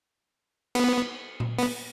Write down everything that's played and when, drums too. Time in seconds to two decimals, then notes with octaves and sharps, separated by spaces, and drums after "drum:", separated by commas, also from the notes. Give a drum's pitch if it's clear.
0.75 B3, drum: cymbal
1.40 drum: tom A#2
1.58 B3, drum: open hi-hat